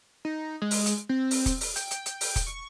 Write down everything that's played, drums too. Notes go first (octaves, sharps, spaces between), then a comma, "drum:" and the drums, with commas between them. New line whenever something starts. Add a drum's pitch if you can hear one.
D#4
G#3
drum: open hi-hat
drum: hi-hat
C4
drum: open hi-hat
drum: kick, hi-hat
drum: open hi-hat
G5, drum: hi-hat
drum: hi-hat
drum: hi-hat
drum: open hi-hat
drum: kick, hi-hat
C#6